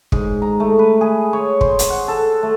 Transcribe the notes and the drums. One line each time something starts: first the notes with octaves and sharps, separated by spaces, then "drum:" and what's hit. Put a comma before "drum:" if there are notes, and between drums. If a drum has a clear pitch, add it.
G#2, drum: kick
A#5
A3
B4
G#4
C#5
C5, drum: kick
drum: hi-hat
F#5
A4
A3